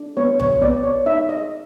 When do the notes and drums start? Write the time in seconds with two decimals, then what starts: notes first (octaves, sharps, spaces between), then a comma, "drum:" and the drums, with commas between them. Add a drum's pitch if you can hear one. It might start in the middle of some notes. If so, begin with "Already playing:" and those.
Already playing: D4
0.17 B3 C#5
0.39 C#5, drum: tom C2
0.62 B3 D5
0.83 C#5
1.06 D#4 E5
1.29 D#5